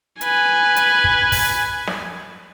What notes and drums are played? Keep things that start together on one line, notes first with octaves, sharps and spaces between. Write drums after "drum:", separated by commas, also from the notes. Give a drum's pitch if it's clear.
B4 G#5, drum: hi-hat
drum: hi-hat
drum: kick
drum: kick, open hi-hat
drum: snare